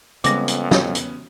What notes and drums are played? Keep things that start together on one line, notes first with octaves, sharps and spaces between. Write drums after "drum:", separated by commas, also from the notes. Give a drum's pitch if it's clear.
F2 C#3 G3 G#3 B3 C#4 D6 A#6, drum: hi-hat
drum: hi-hat
drum: snare
drum: hi-hat